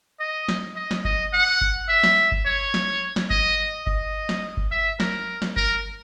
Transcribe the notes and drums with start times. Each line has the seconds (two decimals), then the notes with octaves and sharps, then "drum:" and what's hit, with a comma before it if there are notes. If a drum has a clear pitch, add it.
0.20 D#5
0.49 drum: snare
0.76 D#5
0.91 drum: snare
1.05 D#5, drum: kick G1
1.33 F#5
1.61 drum: kick G1
1.89 E5
2.04 drum: snare
2.32 drum: kick G1
2.46 C#5
2.74 drum: snare
3.16 drum: snare
3.30 D#5, drum: kick G1
3.87 D#5, drum: kick G1
4.29 drum: snare
4.57 drum: kick G1
4.71 E5
5.00 A#4, drum: snare
5.42 drum: snare
5.56 A#4, drum: kick G1